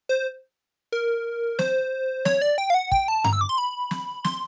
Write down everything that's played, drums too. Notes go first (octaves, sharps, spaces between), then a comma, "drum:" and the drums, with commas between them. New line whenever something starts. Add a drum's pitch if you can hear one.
C5
A#4
C5, drum: snare
C#5, drum: snare
D5
G5
F5
F#5
G5, drum: kick
A5
A#5, drum: tom G2
E6
D6
C6
B5
drum: snare
C6, drum: snare